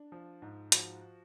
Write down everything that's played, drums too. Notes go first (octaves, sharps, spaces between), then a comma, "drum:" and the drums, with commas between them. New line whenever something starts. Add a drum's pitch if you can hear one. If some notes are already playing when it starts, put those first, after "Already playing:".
Already playing: D4
F3
G#2
F3 F#4, drum: hi-hat